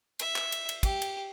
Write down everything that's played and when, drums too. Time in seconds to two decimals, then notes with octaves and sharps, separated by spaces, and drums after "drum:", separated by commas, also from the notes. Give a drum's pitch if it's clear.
0.19 E5, drum: cymbal
0.36 drum: clap
0.52 drum: cymbal
0.69 drum: cymbal
0.83 G4, drum: kick, cymbal
1.02 drum: cymbal